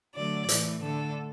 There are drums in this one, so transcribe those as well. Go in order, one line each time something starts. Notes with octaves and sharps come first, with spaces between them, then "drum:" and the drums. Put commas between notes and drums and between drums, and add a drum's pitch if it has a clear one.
D3 F#3 A3 D5
A2 E3 A3, drum: hi-hat
D3 A3 A4